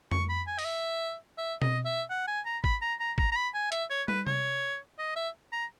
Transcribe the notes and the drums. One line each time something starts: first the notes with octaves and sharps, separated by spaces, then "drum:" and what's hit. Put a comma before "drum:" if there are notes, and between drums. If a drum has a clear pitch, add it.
C#6, drum: tom F2
B5
G#5
D#5, drum: open hi-hat
E5
E5
D#5, drum: tom B2
E5
F#5
G#5
A#5
B5, drum: kick
A#5
A#5
A#5, drum: kick
A#5
B5
G#5
E5, drum: hi-hat
C#5
B4, drum: tom
C#5, drum: tom C3
D#5
E5
A#5